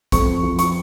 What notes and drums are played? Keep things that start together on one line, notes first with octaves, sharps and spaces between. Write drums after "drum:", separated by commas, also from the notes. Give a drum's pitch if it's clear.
F2 C#6, drum: kick, hi-hat
F3
C#6, drum: hi-hat